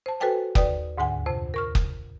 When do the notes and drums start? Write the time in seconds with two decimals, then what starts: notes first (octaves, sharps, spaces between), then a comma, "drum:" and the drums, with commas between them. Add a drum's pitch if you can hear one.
0.06 C5 A5
0.20 F#4 A4 B4 C5 G5 G#5
0.55 D#2 B4 D5 D#6, drum: kick
0.98 D2 G#2 D3 F#5 G#5
1.26 F2 C3 C5
1.54 A#4 C#6 F6
1.75 drum: kick